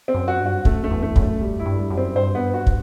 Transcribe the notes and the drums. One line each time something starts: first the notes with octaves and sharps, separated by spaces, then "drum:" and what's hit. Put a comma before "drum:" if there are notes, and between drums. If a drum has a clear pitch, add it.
C4
F#2
F#4
G2
F#4
F#2 A3, drum: kick
A3
E2
A3
F#2, drum: kick
A3
G3
E4
G2
G3
F#2
C4
G2 C5
B3
F#4
drum: kick